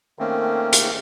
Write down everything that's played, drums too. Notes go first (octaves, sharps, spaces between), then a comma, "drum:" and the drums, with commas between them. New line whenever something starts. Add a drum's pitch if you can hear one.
D#3 A3 A#3 C4 C#4
drum: hi-hat